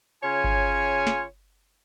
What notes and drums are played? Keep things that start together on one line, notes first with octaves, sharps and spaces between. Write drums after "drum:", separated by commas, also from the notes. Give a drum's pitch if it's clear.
C#3 F4 C#5 G#5
drum: kick G1
drum: snare